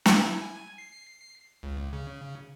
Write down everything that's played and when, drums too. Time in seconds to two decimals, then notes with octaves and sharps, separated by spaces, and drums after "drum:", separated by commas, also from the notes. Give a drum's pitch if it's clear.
0.06 E4, drum: snare
0.42 G#5
0.78 C7
1.63 C#2
1.93 C#3